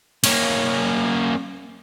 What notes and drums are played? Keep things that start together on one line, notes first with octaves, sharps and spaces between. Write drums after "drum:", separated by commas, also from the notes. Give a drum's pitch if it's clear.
A#3 C#4, drum: cymbal